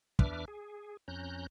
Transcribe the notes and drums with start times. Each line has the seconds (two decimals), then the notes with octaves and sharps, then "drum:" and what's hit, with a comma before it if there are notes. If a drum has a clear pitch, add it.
0.19 E2 D4 B4 E5 D6 F6, drum: kick
0.48 G#4
1.08 F2 C#4 A#5 F#6 G6